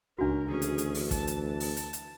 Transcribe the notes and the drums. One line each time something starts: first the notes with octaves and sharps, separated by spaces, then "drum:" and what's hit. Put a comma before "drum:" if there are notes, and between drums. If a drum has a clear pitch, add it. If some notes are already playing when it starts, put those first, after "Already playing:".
C#2 C#4 D4 F#4 A#4
D2 E3 C#4 G#4
drum: hi-hat
drum: hi-hat
drum: open hi-hat
A5, drum: kick, hi-hat
drum: hi-hat
A5
drum: open hi-hat
drum: hi-hat
drum: hi-hat